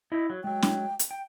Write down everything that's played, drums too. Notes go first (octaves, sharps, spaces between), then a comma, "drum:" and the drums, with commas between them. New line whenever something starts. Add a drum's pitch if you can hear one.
E4 D#5 E5
F#3
F#3 G#3 G5
drum: snare
drum: hi-hat
G5